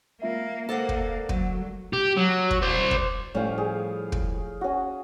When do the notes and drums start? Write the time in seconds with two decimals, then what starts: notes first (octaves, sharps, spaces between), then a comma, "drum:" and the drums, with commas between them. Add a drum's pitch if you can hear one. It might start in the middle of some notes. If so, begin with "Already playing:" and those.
0.22 A#3 F4 E5
0.69 A#3 A4 C5 D5 F#5 A6
0.89 drum: kick
1.29 D3 F#3, drum: kick
1.93 G4
2.17 F#3
2.50 drum: kick
2.62 C5 D5
2.91 drum: kick
3.34 A2 F3 G3 C#4 F5
3.58 G#4
4.12 drum: kick
4.61 C#4 F#4